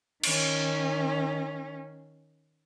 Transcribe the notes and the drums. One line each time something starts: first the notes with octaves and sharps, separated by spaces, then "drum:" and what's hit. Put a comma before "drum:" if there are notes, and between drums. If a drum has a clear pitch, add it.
D#3 C#4, drum: cymbal